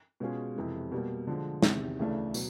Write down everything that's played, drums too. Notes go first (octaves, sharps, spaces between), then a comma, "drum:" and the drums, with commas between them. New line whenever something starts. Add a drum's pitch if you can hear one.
B2 G#3 C#4 F4 G#4
F2 C3 E3 G#3
B2 G3 A#3
D3 F3 G#3
E2 C3 D#3, drum: snare
D2 C#3 E3 A3 D4
B2 F#3, drum: tambourine